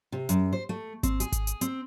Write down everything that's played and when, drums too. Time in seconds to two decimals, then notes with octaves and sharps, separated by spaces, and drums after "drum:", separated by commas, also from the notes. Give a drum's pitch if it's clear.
0.12 C3
0.29 F#2, drum: hi-hat
0.53 C5
0.69 A3
1.03 C4, drum: kick G#1, hi-hat
1.20 G#4, drum: hi-hat
1.32 drum: kick G#1, hi-hat
1.47 drum: hi-hat
1.61 C4, drum: hi-hat